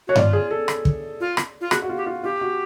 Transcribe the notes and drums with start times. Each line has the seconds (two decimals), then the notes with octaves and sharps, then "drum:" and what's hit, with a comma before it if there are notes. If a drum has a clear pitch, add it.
0.07 F#4 C#5
0.15 F4 D5, drum: tom G2
0.33 G#4
0.51 A4
0.68 drum: rim click
0.85 drum: kick
1.20 F4
1.37 drum: rim click
1.61 F4
1.71 F#4 G#4, drum: rim click
1.82 F#4
1.89 F4
1.97 G4
2.06 F4
2.23 F4 G4
2.41 F#4